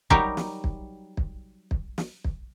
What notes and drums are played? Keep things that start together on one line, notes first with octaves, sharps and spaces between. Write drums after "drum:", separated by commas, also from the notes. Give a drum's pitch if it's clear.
F#3 G3 D#4 G4 A#4, drum: kick
drum: snare
drum: kick
drum: kick
drum: kick
drum: snare
drum: kick